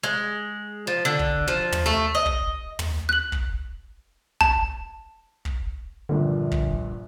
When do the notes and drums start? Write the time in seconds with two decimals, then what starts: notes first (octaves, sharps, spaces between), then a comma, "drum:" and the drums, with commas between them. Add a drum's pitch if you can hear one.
0.03 G#3
0.87 F3
1.05 D3
1.19 drum: kick
1.48 F3
1.72 drum: tom
1.86 A3
2.15 D#5
2.26 drum: kick
2.79 drum: tom
3.09 F#6 F#7
3.32 drum: kick
4.41 A5, drum: kick
5.45 drum: kick
6.09 A#1 G2 A#2 D3
6.51 drum: kick